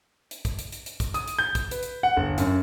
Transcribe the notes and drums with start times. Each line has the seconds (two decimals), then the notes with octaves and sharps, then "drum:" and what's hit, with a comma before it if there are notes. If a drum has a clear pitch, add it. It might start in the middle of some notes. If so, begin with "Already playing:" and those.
0.31 drum: hi-hat
0.45 drum: kick, hi-hat
0.59 drum: hi-hat
0.72 drum: hi-hat
0.86 drum: hi-hat
1.00 drum: kick, hi-hat
1.14 D#6, drum: hi-hat
1.28 drum: hi-hat
1.39 G6
1.55 drum: kick, hi-hat
1.71 B4, drum: hi-hat
1.83 drum: hi-hat
2.03 F#5
2.17 G1
2.38 F#2, drum: hi-hat